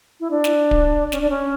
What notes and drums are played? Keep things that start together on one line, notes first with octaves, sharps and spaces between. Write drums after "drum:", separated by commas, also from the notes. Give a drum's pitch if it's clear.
E4
D4
drum: snare
drum: kick D1
C#4, drum: snare
D4
C#4